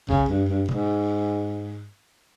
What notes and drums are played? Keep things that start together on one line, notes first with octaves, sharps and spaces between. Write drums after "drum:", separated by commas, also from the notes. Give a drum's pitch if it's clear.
C#3, drum: kick B1
G2
G2
G#2, drum: tom